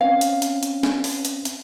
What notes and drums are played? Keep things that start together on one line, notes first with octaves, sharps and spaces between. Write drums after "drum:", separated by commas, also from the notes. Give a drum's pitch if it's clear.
C4 C#4 F5
drum: hi-hat
drum: hi-hat
drum: hi-hat
drum: snare
drum: open hi-hat
drum: hi-hat
drum: hi-hat